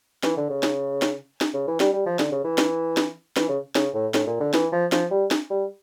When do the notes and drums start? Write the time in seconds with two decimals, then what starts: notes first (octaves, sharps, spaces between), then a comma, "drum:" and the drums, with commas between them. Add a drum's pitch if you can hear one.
0.23 E3, drum: snare
0.37 D3
0.50 C#3
0.63 drum: snare
1.02 drum: snare
1.41 drum: snare
1.54 C#3
1.68 E3
1.80 G3, drum: snare
1.93 G3
2.07 F3
2.19 D3, drum: snare
2.32 C#3
2.45 E3
2.58 drum: snare
2.97 drum: snare
3.37 E3, drum: snare
3.49 C#3
3.75 C#3, drum: snare
3.94 A2
4.14 A2, drum: snare
4.27 A#2
4.41 D3
4.54 E3, drum: snare
4.72 F3
4.92 F3, drum: snare
5.11 G3
5.31 drum: snare
5.51 G3